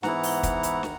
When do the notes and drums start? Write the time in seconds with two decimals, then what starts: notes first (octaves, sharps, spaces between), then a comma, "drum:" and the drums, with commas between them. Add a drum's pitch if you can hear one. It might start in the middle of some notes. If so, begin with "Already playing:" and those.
0.03 G#2 E3 B3 E4 F#5 A#5, drum: snare
0.23 drum: open hi-hat
0.43 drum: kick, hi-hat
0.63 drum: hi-hat
0.83 D#3, drum: snare